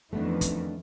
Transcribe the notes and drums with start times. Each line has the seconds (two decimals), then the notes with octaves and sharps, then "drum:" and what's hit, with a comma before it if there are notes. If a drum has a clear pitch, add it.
0.13 F2 D#3 E3 A3 B3 D4
0.41 drum: kick, hi-hat